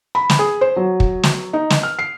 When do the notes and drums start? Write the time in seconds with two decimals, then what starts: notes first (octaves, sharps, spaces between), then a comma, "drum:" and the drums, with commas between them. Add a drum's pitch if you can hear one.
0.15 B5
0.30 drum: snare
0.39 G#4
0.61 C5
0.76 F#3
1.00 drum: kick
1.23 drum: snare
1.53 D#4
1.70 drum: snare
1.83 F6
1.99 C7